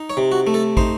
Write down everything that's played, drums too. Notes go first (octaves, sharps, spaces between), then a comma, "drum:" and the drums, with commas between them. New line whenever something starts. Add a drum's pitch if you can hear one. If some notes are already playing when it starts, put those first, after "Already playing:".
Already playing: D#4
C#5
C3
F#4
A3
A4
D#4 C5, drum: kick